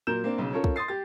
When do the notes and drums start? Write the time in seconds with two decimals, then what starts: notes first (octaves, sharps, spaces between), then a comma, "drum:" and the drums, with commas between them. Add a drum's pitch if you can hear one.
0.07 A#2 F#3 A#4 G6 E7
0.24 A#3 C4 D4
0.38 B1 C#3
0.53 C#4 F4 A4 A#4 C#5
0.64 drum: kick
0.76 C6 D#6 A6 C7
0.88 G4 A6